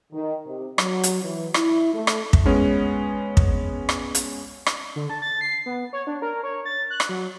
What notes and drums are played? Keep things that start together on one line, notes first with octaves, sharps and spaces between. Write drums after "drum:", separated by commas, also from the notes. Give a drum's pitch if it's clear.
D#3
C3
F#3, drum: rim click
drum: hi-hat
E3
E4, drum: rim click
A3
drum: rim click
drum: kick
G#3 B3 C#4
drum: kick
drum: rim click
drum: hi-hat
drum: rim click
D3
A5
A6
C7
B3
C#5
D4
A#4
C#5
A6
F#6
drum: rim click
F#3